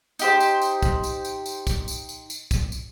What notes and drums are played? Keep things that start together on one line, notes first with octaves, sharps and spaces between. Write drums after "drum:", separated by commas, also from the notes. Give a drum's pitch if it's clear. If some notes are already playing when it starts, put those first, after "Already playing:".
D#4 G4 C5, drum: tambourine
drum: tambourine
drum: tambourine
drum: kick, tambourine
drum: tambourine
drum: tambourine
drum: tambourine
drum: kick, tambourine
drum: tambourine
drum: tambourine
drum: tambourine
drum: kick, tambourine
drum: tambourine